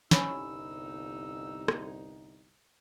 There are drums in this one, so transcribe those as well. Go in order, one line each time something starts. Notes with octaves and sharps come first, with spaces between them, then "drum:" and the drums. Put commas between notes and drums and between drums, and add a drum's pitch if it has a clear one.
G1 C2 C#4 D#4 B5 E6, drum: snare
drum: rim click